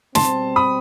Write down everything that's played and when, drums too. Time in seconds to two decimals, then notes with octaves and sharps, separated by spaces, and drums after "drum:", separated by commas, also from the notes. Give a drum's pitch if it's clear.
0.15 B2 G3 C4 A5 C6, drum: snare
0.56 B5 D#6